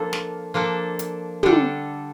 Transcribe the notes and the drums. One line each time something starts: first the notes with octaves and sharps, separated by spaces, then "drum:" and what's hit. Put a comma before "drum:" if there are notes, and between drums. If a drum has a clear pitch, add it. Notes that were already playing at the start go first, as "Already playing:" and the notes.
Already playing: F3 A#3 D4 A4
drum: snare
F3 A#3 D4 A4
drum: hi-hat
D3 G3 D4 A4, drum: tom